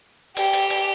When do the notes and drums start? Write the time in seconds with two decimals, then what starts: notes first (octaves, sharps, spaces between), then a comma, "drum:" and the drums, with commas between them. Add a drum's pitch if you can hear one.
0.37 G4, drum: cymbal
0.54 drum: cymbal
0.70 drum: cymbal